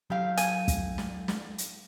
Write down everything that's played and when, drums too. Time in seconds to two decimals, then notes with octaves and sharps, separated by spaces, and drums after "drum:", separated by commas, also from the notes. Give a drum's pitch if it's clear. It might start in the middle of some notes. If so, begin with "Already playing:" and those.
0.10 A2 F#3 G4 F5
0.38 G#5, drum: hi-hat
0.68 drum: kick, hi-hat
0.98 drum: snare
1.28 drum: snare
1.58 drum: hi-hat